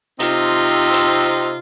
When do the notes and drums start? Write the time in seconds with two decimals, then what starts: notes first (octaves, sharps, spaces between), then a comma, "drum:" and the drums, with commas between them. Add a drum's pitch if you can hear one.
0.20 C3 C4 D#4 F4, drum: hi-hat
0.94 drum: hi-hat